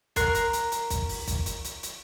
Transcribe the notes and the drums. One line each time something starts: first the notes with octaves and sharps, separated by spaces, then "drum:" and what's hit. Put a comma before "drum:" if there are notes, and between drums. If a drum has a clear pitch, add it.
A#4 C6 F#6, drum: kick, hi-hat
drum: hi-hat
drum: hi-hat
drum: hi-hat
drum: kick, hi-hat
drum: open hi-hat
drum: kick, hi-hat
drum: hi-hat
drum: hi-hat
drum: hi-hat